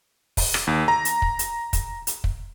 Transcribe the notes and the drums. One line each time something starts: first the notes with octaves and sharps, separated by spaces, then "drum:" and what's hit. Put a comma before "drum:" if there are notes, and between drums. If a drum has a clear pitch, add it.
drum: kick, open hi-hat
drum: rim click
D#2
A#5
drum: hi-hat
drum: kick
drum: hi-hat
drum: kick, hi-hat
drum: hi-hat
drum: kick